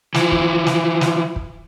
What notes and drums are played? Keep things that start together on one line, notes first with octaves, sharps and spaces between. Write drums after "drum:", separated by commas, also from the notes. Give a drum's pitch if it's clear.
E3 F3, drum: snare
drum: kick
drum: snare
drum: snare
drum: kick